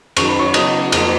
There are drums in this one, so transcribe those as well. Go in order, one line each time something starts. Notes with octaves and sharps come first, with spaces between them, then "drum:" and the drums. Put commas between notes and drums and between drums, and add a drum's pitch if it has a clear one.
F#2 D#3 F#3 C#6, drum: cymbal
B5
C#5 C#6
C#3 F#3 B3 D#5 D#6, drum: cymbal
F2 F3 A#3 F4, drum: cymbal